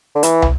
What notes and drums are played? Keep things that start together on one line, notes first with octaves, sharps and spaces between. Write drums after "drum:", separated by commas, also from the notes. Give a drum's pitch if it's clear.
D3
E3, drum: hi-hat
drum: tom